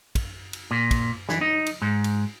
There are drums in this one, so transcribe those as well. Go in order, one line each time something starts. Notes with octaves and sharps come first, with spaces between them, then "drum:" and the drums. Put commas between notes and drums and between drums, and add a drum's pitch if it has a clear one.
drum: kick, cymbal
drum: cymbal
A#2
drum: kick, cymbal
E3, drum: snare
D#4
drum: cymbal
G#2
drum: cymbal